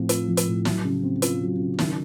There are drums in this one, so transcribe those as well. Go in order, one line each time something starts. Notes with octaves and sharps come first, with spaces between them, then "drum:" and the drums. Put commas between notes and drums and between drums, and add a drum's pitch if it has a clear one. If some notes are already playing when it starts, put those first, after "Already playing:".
Already playing: A2 F3 C4
F4, drum: hi-hat
F3
drum: hi-hat
A2
F#3, drum: snare
C#3
C4
F4, drum: hi-hat
F#3
C#3
D#3, drum: snare